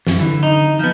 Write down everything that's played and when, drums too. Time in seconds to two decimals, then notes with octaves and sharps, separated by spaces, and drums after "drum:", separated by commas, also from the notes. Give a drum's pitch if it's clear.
0.07 F#2, drum: snare
0.20 D3 E3
0.43 D#4
0.79 F3 B3 G6